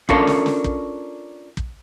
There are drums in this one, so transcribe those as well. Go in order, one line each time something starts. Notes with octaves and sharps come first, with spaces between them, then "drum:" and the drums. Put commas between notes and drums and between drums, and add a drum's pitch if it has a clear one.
C#4 D4 F4 A4 A#4 C#5, drum: kick
drum: snare
drum: snare
drum: kick
drum: kick